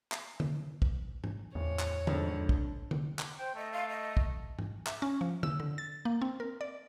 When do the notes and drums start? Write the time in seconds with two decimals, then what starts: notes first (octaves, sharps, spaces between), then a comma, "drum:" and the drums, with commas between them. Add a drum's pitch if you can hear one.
0.12 drum: clap
0.40 drum: tom D3
0.82 drum: kick
1.24 drum: tom G#2
1.55 D1 E2 C#5
1.79 drum: clap
2.07 F2 G#2 D3 F3, drum: tom
2.49 drum: kick
2.91 drum: tom D3
3.19 drum: clap
3.39 C5 G5
3.55 A3 D#5
3.72 F5
3.89 D#5
4.17 drum: kick
4.59 drum: tom G#2
4.87 E5, drum: clap
5.02 C#4
5.21 F3
5.43 E6, drum: tom D3
5.60 D3
5.78 A6
6.05 A#3
6.22 C4
6.40 A#4
6.61 D5